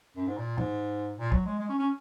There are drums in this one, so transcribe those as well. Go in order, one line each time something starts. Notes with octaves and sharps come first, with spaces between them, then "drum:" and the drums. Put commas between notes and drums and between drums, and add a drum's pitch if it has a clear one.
F#2
G#2
A#2
G#2, drum: tom G#2
A#2
F#3, drum: kick
G#3
G#3
C#4
C#4